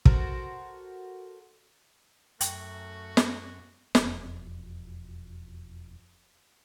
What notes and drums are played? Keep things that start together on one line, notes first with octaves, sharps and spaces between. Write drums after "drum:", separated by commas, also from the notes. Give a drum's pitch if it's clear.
F#4 A4 A#4 C5, drum: kick
F#2 A3 F#4 G5, drum: hi-hat
drum: snare
E1 F2, drum: snare